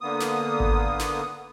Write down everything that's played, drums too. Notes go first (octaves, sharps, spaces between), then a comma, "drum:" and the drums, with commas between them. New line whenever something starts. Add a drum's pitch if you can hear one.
D3 A#3 B3 D#6
drum: snare
drum: kick G#1
drum: snare